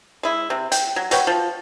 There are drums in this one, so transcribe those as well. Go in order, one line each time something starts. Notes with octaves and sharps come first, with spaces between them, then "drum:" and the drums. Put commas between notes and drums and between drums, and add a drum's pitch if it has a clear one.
G#3 E4
C3
G5, drum: hi-hat
F#3
F#4 B4 C#5 G5, drum: hi-hat
F3